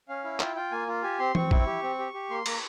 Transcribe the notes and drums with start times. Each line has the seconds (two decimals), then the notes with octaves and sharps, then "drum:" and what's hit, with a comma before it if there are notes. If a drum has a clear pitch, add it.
0.08 C#4 F5
0.24 E4
0.40 F4 G5, drum: clap
0.55 F4 G5
0.71 A#3 G#5
0.88 F4
1.03 G4 G#5
1.19 C4 C6
1.35 C4 C#6, drum: tom E3
1.51 E4, drum: kick
1.66 G4
1.83 C4
1.99 G4
2.14 G4
2.30 A#3 C6
2.46 A#3 A#5, drum: cymbal